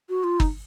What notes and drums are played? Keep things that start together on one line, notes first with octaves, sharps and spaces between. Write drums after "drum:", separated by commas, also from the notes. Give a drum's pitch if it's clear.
F#4
F4
D#4, drum: kick G1